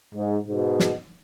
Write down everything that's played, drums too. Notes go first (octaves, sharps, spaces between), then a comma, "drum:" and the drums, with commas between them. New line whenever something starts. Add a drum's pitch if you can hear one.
G#2
G#2 B2
drum: snare